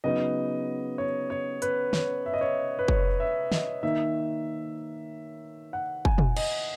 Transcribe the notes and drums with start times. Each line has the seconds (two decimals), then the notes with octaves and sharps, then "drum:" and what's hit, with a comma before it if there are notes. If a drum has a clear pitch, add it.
0.04 C#3 F#3 B3 D#4 D#5
0.98 C#5
1.30 C#5
1.62 B4, drum: hi-hat
1.93 C#5, drum: snare
2.26 E5
2.33 D#5
2.41 C#5
2.79 B4
2.88 C#5, drum: kick
3.20 E5
3.52 D#5, drum: snare
3.83 D#3 A#3 D#4 E5
5.73 F#5
6.05 G#5, drum: kick
6.18 drum: tom
6.37 D#5, drum: cymbal